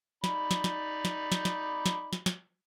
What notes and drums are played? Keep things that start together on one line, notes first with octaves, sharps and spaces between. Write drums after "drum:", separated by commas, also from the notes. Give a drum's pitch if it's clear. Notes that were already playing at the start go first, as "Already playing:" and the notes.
D#4 D5 B5, drum: snare
drum: snare
drum: snare
drum: snare
drum: snare
drum: snare
drum: snare
drum: snare
drum: snare